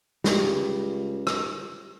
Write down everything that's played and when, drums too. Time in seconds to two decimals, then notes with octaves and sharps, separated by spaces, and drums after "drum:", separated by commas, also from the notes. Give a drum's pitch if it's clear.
0.24 C#2 G3, drum: snare
1.27 drum: rim click